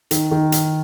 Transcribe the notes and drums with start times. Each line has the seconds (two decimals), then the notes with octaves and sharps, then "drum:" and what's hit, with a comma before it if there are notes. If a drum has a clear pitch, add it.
0.11 D#3, drum: hi-hat
0.31 D#3
0.52 drum: hi-hat